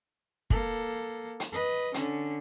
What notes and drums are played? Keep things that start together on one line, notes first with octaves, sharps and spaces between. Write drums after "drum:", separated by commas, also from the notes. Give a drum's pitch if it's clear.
A#3 A4, drum: kick
drum: hi-hat
B4 D#5
D3 C#4, drum: hi-hat